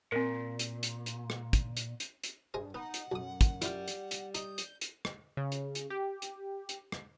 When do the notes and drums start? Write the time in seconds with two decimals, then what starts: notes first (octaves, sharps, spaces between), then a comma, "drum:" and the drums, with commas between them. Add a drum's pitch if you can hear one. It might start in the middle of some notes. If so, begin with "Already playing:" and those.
0.12 A#2 C4 A#4
0.59 drum: hi-hat
0.83 drum: hi-hat
1.06 drum: hi-hat
1.30 drum: rim click
1.53 drum: kick, hi-hat
1.77 drum: hi-hat
2.00 drum: hi-hat
2.24 drum: hi-hat
2.54 G2 G#4 C5 D#5
2.75 B3 D#4 F#5
2.94 drum: hi-hat
3.12 B1 F#2 D#6
3.41 drum: kick, hi-hat
3.62 G3 E4 F4, drum: hi-hat
3.88 drum: hi-hat
4.11 drum: hi-hat
4.35 D#4 D#6 G6, drum: hi-hat
4.58 drum: hi-hat
4.81 drum: hi-hat
5.05 drum: rim click
5.37 C#3
5.52 drum: hi-hat
5.75 drum: hi-hat
5.90 G4
6.22 drum: hi-hat
6.69 drum: hi-hat
6.92 drum: rim click